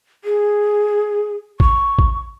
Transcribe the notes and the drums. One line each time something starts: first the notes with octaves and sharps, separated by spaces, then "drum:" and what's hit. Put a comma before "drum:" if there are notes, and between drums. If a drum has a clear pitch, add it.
G#4
C#6, drum: kick
drum: kick